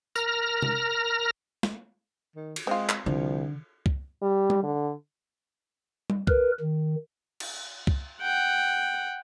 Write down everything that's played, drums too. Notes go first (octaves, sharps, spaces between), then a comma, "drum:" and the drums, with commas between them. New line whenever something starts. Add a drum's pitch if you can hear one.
A#4 A#5 F6 A#6, drum: tambourine
drum: tom C3
drum: snare
D#3
drum: cymbal
G#3 C4 F4
drum: clap
C2 D3 F3
drum: kick
G3
drum: tom G3
D3
drum: tom G3
A#4 B4, drum: kick
D#3
drum: cymbal
drum: kick
F#5 G5